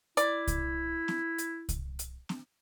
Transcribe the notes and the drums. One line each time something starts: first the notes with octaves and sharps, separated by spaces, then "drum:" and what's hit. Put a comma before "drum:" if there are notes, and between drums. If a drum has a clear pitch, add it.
E4 D5, drum: hi-hat
drum: kick C2, hi-hat
drum: snare
drum: hi-hat
drum: kick C2, hi-hat
drum: hi-hat
drum: snare